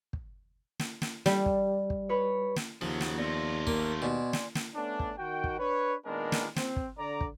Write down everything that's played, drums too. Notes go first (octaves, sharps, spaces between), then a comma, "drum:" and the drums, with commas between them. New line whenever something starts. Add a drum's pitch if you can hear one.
drum: kick
drum: snare
drum: snare
G3, drum: snare
drum: kick
drum: kick
B4 C#5
drum: snare
D#2 C#3 F3 F#3
drum: snare
A3 B3 F4 D5 A#6
A#3, drum: kick
B2 D5 G#5 C6
drum: snare
drum: snare
A3 B3 C#4 D4
drum: kick
D#3 F#4 G5
drum: kick
D4 B4 C#5
A#2 D#3 G#3 B3 D4 A#4
drum: snare
C4, drum: snare
drum: kick
D3 D5 A#5
drum: kick